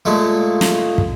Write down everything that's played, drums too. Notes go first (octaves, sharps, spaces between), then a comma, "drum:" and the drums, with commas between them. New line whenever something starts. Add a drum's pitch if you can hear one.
A#2 G#3 A3
drum: snare
drum: kick